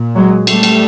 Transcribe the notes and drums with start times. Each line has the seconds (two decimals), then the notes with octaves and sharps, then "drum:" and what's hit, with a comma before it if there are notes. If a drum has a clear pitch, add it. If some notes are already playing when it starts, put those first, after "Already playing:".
Already playing: A#2
0.16 F#3 G#3
0.47 G3 A3, drum: cymbal
0.63 drum: cymbal